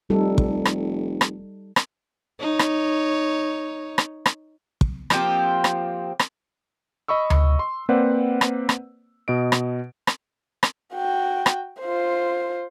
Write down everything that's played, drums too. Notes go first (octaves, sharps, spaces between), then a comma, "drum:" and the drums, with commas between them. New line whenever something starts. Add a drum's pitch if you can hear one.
F1 G3 D#4 A4
drum: kick
drum: rim click
drum: rim click
drum: rim click
D#4 C#5
drum: rim click
drum: rim click
drum: rim click
drum: kick
F3 A#3 C4 G4, drum: rim click
drum: rim click
drum: rim click
D#5 B5 C#6 E6
drum: tom D2
C6
A#3 C4 B4 C5 D5 F#5
drum: rim click
drum: rim click
B2 D#5 D7
drum: rim click
drum: rim click
drum: rim click
F#4 G5
drum: rim click
F4 C5